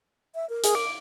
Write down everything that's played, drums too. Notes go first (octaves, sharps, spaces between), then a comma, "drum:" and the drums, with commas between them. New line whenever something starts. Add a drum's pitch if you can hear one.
E5
A#4
G#4, drum: hi-hat
D6